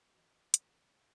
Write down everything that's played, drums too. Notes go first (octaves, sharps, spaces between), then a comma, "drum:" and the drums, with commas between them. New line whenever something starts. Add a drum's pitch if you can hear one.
E3 F#4 D#5
E3
drum: hi-hat
C#2